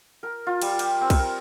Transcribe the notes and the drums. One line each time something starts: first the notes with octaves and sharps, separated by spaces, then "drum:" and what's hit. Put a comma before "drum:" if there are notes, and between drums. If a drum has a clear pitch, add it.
A#4
F4
G3, drum: cymbal
G4, drum: cymbal
C4
drum: kick B1, cymbal
A#4